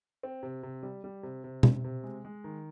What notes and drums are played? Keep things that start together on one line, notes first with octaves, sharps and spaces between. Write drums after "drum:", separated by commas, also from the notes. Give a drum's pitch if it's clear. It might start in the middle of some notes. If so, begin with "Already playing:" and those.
C4
C3
C3
G3
G3
C3
C3
C3, drum: tom B2
C3
G#3
G#3
D#3